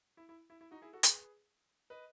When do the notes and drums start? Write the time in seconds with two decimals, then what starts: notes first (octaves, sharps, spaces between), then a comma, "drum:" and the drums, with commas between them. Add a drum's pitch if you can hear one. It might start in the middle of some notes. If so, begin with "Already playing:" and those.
0.17 E4
0.29 E4
0.50 E4
0.61 E4
0.71 D#4 F#4
0.82 E4 G#4
0.93 F#4 A4
1.03 G#4 B4, drum: hi-hat
1.90 B4 D#5